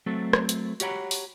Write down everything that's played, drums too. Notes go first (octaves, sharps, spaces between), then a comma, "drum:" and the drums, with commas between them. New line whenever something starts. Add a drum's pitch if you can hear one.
F#3 A3 C4 A4
drum: rim click
drum: hi-hat
F#4 G4 C#5 F#5 A#5 B5, drum: hi-hat
drum: open hi-hat